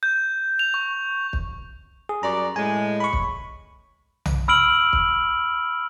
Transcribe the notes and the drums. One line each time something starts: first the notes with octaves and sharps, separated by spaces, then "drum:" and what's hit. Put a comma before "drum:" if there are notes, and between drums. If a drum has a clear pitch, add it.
G6
F7
C#6
drum: kick
G#4
F#2 G3 D5 A#5
A2 G#3 G#5
B5 C#6
drum: kick
drum: tom B1
B5 E6 F6 D7 F#7
drum: kick